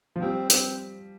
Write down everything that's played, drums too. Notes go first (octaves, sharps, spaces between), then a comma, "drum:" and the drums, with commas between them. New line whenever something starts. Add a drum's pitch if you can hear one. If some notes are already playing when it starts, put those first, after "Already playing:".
F3
G3 C4
C4, drum: hi-hat